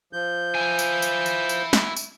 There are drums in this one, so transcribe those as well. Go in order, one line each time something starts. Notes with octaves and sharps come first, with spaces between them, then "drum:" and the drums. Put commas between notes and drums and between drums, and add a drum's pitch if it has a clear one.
F3 G6
E4 G#5
drum: tambourine
drum: tambourine
drum: tambourine
drum: tambourine
drum: snare
drum: tambourine